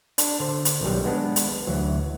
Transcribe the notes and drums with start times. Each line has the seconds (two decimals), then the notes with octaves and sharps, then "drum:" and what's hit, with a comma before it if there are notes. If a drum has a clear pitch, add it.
0.18 D4, drum: hi-hat
0.40 D3 C5
0.65 drum: hi-hat
0.81 B1 D#3 F#3 G3
1.05 G#3 B3 D4
1.36 drum: hi-hat
1.67 D2 E3 F#3